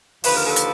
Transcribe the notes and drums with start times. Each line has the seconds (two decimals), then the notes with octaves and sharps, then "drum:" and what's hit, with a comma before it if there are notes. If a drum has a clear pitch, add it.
0.24 D#2 D3 F3 B4, drum: open hi-hat
0.34 A#4
0.44 A4 B4
0.56 drum: hi-hat